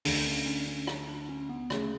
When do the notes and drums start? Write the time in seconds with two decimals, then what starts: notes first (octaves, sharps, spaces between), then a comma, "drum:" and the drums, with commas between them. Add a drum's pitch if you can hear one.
0.05 D2 D3 D4, drum: open hi-hat
0.26 C#4
0.46 C#4
0.67 C#4
0.87 D4, drum: rim click
1.08 D4
1.29 C#4
1.49 B3
1.70 C#3 A3, drum: rim click